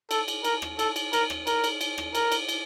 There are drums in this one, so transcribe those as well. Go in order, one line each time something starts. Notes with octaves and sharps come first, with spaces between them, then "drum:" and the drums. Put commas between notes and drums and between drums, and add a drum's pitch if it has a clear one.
A4, drum: cymbal
drum: cymbal
A#4, drum: cymbal
drum: rim click
A4, drum: cymbal
drum: cymbal
A#4, drum: cymbal
drum: rim click
A#4, drum: cymbal
drum: cymbal
drum: cymbal
drum: rim click
A#4, drum: cymbal
drum: cymbal
drum: cymbal